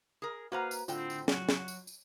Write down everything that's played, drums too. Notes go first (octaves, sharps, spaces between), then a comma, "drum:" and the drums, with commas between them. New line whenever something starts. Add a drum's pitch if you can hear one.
G#4 A#4
A#3 F#4 B4 C5 F5 F#5 A#5
drum: tambourine
A2 D3 C4 F4 F#5 G5, drum: tambourine
drum: tambourine
F#3 F#4, drum: snare
drum: snare
drum: tambourine
drum: tambourine